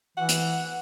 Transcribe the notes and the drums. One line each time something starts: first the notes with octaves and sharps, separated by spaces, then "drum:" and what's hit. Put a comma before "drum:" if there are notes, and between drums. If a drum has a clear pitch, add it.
E3 F#5
drum: hi-hat